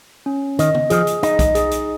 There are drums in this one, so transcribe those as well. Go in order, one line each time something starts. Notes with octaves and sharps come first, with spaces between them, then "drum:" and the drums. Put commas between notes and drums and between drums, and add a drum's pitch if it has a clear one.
C#4
D#3 D#5, drum: hi-hat
drum: tom
F3 G#4, drum: hi-hat
drum: hi-hat
D#4 D#5, drum: hi-hat
drum: kick B1, hi-hat
G#4, drum: hi-hat
drum: hi-hat